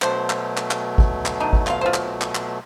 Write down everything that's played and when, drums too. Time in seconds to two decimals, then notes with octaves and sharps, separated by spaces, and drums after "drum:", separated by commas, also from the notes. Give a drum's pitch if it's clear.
0.02 B2 F#3 A3 D4 C5, drum: clap
0.30 drum: clap
0.57 drum: clap
0.71 drum: clap
0.98 drum: kick
1.26 drum: clap
1.40 D4 D#4
1.53 drum: kick
1.67 F4 F5, drum: clap
1.81 F4 C5
1.94 drum: clap
2.21 drum: clap
2.35 drum: clap